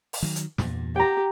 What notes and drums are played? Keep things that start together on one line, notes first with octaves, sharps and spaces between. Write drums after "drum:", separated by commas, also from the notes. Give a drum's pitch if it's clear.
drum: open hi-hat
D#3 F#3
drum: hi-hat
E2 G2 A#2, drum: snare
G4 G5 A#5